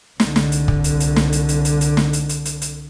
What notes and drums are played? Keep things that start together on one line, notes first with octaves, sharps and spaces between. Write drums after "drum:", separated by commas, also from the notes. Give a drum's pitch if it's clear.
C2 D3, drum: snare
drum: snare
drum: hi-hat
drum: kick
drum: hi-hat
drum: hi-hat
drum: snare
drum: hi-hat
drum: hi-hat
drum: hi-hat
drum: hi-hat
drum: snare
drum: hi-hat
drum: hi-hat
drum: hi-hat
drum: hi-hat